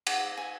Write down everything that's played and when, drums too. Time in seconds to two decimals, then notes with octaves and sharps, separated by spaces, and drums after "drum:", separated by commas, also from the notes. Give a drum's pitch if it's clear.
0.07 F#5 D6, drum: cymbal
0.37 G#5